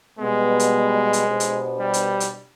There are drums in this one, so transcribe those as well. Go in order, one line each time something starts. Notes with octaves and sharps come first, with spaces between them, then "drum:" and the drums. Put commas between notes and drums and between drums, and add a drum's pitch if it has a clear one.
B2 G3 G#3 B3
drum: hi-hat
drum: hi-hat
B2 B3 D4 G4 C5
drum: hi-hat
G3
drum: hi-hat
drum: hi-hat